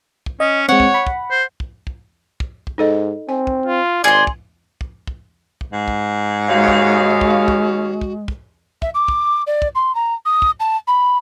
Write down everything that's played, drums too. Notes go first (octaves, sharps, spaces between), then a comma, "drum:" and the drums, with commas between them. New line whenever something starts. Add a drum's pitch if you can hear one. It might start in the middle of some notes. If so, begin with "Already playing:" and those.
drum: kick
C#4 D#5
G#3 C4 C#5 F#5
drum: kick
B5
drum: kick
C5
drum: kick
drum: kick
drum: kick
drum: kick
G#2 D#4 A4 D#5
C4 G#5
drum: kick
F4
G#1 G#4 D5 C6
drum: kick
drum: kick
drum: kick
drum: kick
G#2
drum: kick
D#2 G#3 C#4 F#4 F5
drum: kick
drum: kick
drum: kick
drum: kick
drum: kick
E5, drum: kick
D6
drum: kick
D5
drum: kick
C6
A#5
D#6
drum: kick
A5
B5